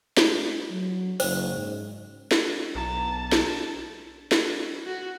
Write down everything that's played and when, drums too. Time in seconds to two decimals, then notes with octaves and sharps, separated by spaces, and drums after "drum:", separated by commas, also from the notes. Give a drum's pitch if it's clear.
0.17 A3, drum: snare
0.70 F#3
1.20 F#1 C5, drum: open hi-hat
1.53 G#2
2.31 drum: snare
2.75 B1 A5 A#5
3.32 drum: snare
4.32 drum: snare
4.86 F#4